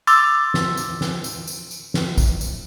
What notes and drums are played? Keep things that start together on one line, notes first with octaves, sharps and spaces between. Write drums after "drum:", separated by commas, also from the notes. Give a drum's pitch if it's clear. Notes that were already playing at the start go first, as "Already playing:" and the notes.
C6 D6 E6 A6, drum: tambourine
drum: snare
drum: tambourine
drum: snare
drum: tambourine
drum: tambourine
drum: tambourine
drum: snare
drum: kick A1, tambourine
drum: tambourine